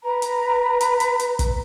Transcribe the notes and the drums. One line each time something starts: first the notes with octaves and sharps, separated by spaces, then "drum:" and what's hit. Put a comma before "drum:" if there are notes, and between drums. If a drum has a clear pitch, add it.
B4 A#5
drum: hi-hat
drum: hi-hat
drum: hi-hat
drum: hi-hat
drum: kick, hi-hat